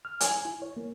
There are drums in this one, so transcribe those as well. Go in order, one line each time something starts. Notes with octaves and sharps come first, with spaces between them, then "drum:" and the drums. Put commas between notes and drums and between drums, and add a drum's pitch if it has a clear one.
F6
G#5, drum: hi-hat
E4
C#5
A#3